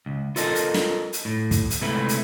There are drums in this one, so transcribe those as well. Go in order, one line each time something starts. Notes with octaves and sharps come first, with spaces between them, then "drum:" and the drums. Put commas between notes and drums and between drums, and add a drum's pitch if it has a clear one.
C#2
F4 A4 A#4 D#5 A5, drum: hi-hat
drum: hi-hat
drum: snare
drum: hi-hat
A2
drum: kick, hi-hat
drum: hi-hat
C3 G#3 A3 E4 B4
drum: hi-hat